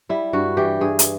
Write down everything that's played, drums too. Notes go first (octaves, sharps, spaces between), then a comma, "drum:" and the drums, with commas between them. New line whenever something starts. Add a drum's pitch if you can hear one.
G3 E4
G2 F#4
E3 G4
G2 G#4
drum: hi-hat